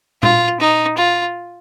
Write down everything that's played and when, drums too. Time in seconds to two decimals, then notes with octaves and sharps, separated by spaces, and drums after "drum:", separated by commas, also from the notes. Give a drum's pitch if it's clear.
0.23 F4, drum: tom A#2
0.60 D#4
0.98 F4